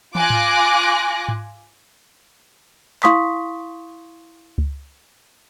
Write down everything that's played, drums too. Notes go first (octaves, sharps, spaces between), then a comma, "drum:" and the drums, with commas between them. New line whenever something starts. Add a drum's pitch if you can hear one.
F4 G#5 D6 F#6 A#6, drum: tom
drum: tom G#2
drum: tom G#2
E4 F5 C6 C#6 D#6 B6, drum: clap
drum: kick C#2